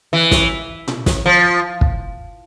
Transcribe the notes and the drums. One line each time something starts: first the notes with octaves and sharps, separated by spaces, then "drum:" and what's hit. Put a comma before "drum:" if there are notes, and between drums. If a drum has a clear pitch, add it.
E3
drum: snare
drum: tom A#2
drum: snare
F3
drum: kick